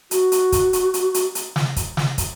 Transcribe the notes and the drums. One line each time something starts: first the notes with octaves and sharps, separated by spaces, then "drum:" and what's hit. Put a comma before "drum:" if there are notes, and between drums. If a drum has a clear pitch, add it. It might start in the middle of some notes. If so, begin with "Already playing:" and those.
F#4, drum: hi-hat
drum: hi-hat
drum: kick, hi-hat
drum: hi-hat
drum: hi-hat
drum: hi-hat
drum: hi-hat
drum: snare
drum: kick, hi-hat
drum: snare
drum: kick, hi-hat